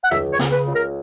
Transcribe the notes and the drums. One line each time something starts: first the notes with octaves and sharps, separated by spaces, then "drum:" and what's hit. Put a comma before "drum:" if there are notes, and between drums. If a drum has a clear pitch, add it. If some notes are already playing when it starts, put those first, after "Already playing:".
F#5
C#2 E5, drum: tom
C#5
C#3, drum: snare
B4
C#2
A#4